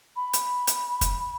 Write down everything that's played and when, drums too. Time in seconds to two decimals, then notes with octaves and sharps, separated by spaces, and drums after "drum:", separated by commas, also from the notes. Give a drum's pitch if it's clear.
0.16 B5
0.33 drum: hi-hat
0.67 drum: hi-hat
1.01 drum: kick, hi-hat